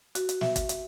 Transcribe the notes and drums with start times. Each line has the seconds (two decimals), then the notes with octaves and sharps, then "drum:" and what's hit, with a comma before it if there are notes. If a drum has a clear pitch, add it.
0.15 F#4, drum: hi-hat
0.29 drum: hi-hat
0.41 E5, drum: snare
0.56 drum: kick, hi-hat
0.69 drum: hi-hat